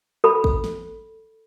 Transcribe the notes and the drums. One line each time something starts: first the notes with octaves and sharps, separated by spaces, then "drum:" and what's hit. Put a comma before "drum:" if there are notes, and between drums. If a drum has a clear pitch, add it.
A4 B5
drum: kick
drum: snare